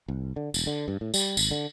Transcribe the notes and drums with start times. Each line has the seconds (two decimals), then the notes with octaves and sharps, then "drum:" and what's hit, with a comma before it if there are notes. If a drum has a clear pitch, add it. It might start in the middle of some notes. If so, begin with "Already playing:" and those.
0.08 C2
0.36 D3
0.54 E1, drum: tambourine
0.67 D3
0.88 G2
1.01 A2
1.14 G3, drum: tambourine
1.37 G#1, drum: tambourine
1.51 D3